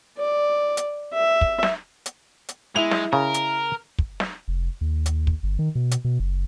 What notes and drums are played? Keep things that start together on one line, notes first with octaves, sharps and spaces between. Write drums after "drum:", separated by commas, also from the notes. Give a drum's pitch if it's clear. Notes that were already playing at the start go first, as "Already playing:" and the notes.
D5
drum: hi-hat
E5
drum: kick
drum: snare
drum: hi-hat
drum: hi-hat
G#3 E4 F7
drum: snare
C#3 A#4
drum: hi-hat
drum: kick
drum: snare
F1
D#2
drum: hi-hat
drum: kick
G1
D#3
B2
drum: hi-hat
B2
F#1